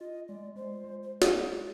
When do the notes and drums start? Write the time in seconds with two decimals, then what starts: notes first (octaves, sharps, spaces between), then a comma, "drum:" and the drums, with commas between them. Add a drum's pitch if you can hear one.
0.01 F4 D#5
0.28 G#3 D5
0.56 G#3 C5
0.84 G#3
1.03 C5
1.22 drum: snare